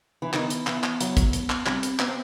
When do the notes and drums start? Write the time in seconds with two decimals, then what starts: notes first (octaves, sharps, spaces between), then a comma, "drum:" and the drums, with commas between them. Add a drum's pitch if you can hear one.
0.22 E3
0.33 D#3 B3, drum: clap
0.50 drum: hi-hat
0.67 E3, drum: clap
0.83 drum: clap
1.01 F#3, drum: hi-hat
1.17 drum: kick, hi-hat
1.33 drum: hi-hat
1.50 drum: clap
1.66 G3 C4, drum: clap
1.83 drum: hi-hat
1.99 B3, drum: clap
2.08 C4